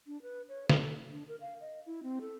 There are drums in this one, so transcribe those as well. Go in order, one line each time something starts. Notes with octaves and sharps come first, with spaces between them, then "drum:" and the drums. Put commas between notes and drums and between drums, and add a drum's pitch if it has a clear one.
D4
B4
C#5
A4, drum: snare
D4
A#4
F5
D#5
E4
C4
A4